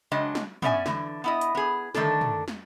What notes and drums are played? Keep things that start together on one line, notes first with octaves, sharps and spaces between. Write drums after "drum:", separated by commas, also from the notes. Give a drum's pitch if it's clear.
C#3 F#3 G#3 D4 D#5 G5
drum: snare
B3 C#4 D5 E5 G#5, drum: tom
D3 E3, drum: snare
B3 E4 D#5
drum: hi-hat
B3 G#4
D3 D#3 A3 D4 A4, drum: snare
drum: tom
drum: snare